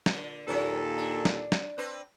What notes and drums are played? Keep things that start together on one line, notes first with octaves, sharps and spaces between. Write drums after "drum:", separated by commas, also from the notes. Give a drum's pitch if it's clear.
A#2 D3, drum: snare
D#2 A#2 F#3 C#4 A4 B4
D4
drum: snare
drum: snare
C4 D4 B4